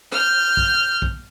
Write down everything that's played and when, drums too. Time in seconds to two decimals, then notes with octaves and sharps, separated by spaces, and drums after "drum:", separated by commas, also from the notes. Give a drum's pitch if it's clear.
0.12 F6 G6, drum: rim click
0.57 drum: kick
1.02 drum: kick